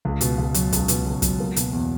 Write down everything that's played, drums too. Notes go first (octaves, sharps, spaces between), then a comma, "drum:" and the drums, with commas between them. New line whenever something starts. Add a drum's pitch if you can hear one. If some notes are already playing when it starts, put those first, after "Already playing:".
C#2
B2, drum: hi-hat
C#2
F#3, drum: hi-hat
C#2, drum: kick, hi-hat
B2, drum: hi-hat
C#2
F#3, drum: kick, hi-hat
A#3
B2, drum: hi-hat
E2